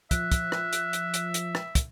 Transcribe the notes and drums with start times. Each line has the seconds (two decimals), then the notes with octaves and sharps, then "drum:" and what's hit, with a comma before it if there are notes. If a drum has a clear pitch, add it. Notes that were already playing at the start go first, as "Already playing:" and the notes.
0.11 F3 E5 F#6, drum: kick, hi-hat
0.32 drum: kick, hi-hat
0.52 drum: rim click
0.73 drum: hi-hat
0.93 drum: hi-hat
1.14 drum: hi-hat
1.34 drum: hi-hat
1.55 drum: rim click
1.75 drum: kick, hi-hat